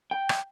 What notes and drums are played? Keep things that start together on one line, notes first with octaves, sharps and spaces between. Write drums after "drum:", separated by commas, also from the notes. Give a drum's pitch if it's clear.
G5
drum: rim click